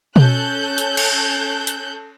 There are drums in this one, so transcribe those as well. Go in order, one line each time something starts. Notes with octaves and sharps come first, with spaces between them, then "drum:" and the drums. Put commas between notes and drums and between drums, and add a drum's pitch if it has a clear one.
C#4 A4 F#6 G6, drum: tom B2
drum: hi-hat
drum: cymbal
drum: hi-hat